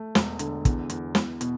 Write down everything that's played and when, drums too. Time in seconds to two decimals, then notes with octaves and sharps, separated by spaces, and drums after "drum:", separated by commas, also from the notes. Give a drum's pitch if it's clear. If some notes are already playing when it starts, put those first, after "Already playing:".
Already playing: A3
0.15 E1, drum: snare
0.39 D3, drum: hi-hat
0.65 E2, drum: kick, hi-hat
0.90 E2, drum: hi-hat
1.15 E2, drum: snare
1.41 B2, drum: hi-hat